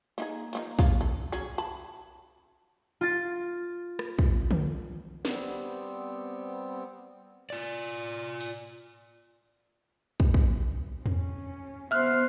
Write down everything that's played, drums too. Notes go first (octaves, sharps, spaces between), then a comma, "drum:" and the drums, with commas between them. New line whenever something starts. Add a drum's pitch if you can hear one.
A#3 D#4 G#4
F3 A#3 D#4, drum: hi-hat
C#3 A#3 F4, drum: kick
A4
F#3 C#4 G#4
A5 B5, drum: hi-hat
F4 A6
drum: rim click
drum: kick
drum: tom D3
G3 B3 C4, drum: snare
F4 D5
drum: open hi-hat
drum: kick
drum: kick
C#4, drum: tom E2
B3 C5 E5 F6 F#6